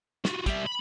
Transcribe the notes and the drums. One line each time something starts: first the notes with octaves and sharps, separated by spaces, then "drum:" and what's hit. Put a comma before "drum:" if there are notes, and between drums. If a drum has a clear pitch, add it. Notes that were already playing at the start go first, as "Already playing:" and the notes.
F4 F#4, drum: snare
G3 E5, drum: kick, hi-hat
B5